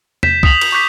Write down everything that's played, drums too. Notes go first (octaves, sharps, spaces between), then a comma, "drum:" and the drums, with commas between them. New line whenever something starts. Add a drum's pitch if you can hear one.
G6 B6 E7, drum: tom E2
D#6 B6 F7 F#7, drum: kick
drum: cymbal
C#6 D6 G6 B6